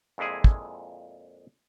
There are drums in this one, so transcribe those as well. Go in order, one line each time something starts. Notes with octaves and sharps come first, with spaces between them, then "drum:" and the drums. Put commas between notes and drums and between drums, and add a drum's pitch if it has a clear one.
F2 A#2 G#3 E4 G#4
drum: kick